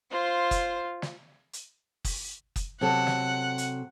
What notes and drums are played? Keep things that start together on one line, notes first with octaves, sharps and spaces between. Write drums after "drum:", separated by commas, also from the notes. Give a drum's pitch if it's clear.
F4 C5
drum: kick, hi-hat
drum: snare
drum: hi-hat
drum: kick, open hi-hat
drum: kick, hi-hat
C3 F#3 A4 F#5
drum: snare
drum: hi-hat